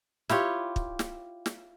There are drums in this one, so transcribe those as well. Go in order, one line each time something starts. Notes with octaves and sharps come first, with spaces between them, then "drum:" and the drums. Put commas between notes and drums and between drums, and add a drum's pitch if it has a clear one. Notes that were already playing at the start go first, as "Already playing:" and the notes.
E4 F4 G4 C#5, drum: snare
drum: kick
drum: snare
drum: snare